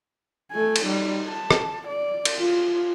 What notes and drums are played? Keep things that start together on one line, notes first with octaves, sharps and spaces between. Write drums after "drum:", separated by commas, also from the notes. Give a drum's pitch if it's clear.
A3 G#5
drum: cymbal
G3 D#4
A5
drum: rim click
D5
drum: cymbal
F4